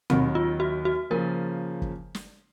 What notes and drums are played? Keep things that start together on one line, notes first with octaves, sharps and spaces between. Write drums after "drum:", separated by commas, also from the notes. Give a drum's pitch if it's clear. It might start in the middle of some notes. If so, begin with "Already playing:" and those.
D#2 D#3 F#3 C4, drum: tom
F4
F#4
F#4
C#3 F3 A#3 A#4
drum: kick
drum: snare